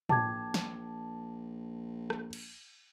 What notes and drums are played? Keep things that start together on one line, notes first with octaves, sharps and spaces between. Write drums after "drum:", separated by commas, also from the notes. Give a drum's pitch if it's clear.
A#1 G5 A5 D6 G#6, drum: tom
drum: snare
drum: rim click
drum: cymbal